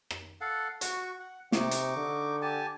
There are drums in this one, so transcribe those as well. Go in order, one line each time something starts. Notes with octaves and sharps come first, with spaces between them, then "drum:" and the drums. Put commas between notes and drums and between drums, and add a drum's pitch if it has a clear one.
drum: rim click
A4 F5 F#5
F#4 C#6, drum: hi-hat
F#5
C3 D#4 C#6 D6, drum: snare
drum: hi-hat
D3
G4 G#5 A5